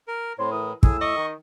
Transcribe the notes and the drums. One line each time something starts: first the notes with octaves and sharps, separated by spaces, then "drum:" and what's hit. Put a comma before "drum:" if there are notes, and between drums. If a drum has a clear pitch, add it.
A#4
A2 C4 C#5 C6
E3 A#4 D#6
A2 G#4 E6, drum: kick
D#5 C#6
D#3